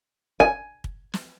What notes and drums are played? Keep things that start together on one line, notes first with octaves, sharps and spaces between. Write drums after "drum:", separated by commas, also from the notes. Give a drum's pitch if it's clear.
G#5, drum: kick
drum: kick
drum: snare